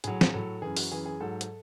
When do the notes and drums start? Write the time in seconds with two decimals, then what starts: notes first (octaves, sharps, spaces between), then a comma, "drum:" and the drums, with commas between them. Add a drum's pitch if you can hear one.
0.04 A2 F#3 G#4, drum: hi-hat
0.21 drum: snare
0.34 A2 F#3 A4
0.62 F#2 E3 G#4
0.77 F#4, drum: open hi-hat
0.92 F#2 E3 G#4
1.06 G#4
1.20 G#2 F#3 A4
1.41 drum: hi-hat